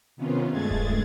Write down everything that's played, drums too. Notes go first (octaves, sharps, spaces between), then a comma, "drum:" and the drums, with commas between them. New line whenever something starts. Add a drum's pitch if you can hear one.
C3 D#3 B3 C#4 F4
G2 G#3 A3 G#4 G#6 A6
drum: kick D#1